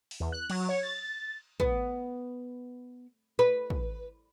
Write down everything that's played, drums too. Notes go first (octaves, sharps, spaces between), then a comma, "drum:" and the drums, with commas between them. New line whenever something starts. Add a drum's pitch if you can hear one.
drum: open hi-hat
E2
F#6
F#3, drum: cymbal
C#5
A6
B3, drum: kick
B4
drum: kick